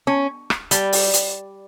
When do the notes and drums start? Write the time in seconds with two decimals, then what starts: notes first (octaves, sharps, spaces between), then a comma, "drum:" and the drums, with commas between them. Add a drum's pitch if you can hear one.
0.07 C#4
0.50 drum: rim click
0.71 G3, drum: hi-hat
0.92 drum: open hi-hat
1.14 drum: hi-hat